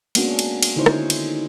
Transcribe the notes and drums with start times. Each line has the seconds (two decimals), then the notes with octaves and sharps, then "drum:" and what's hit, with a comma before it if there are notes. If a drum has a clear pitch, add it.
0.15 G#3 A#3 B3 C#4 D4 F#4, drum: cymbal
0.39 drum: cymbal
0.63 drum: cymbal
0.76 D3 D#3 D#4 E4 C5 C#5
0.86 drum: rim click
1.10 drum: cymbal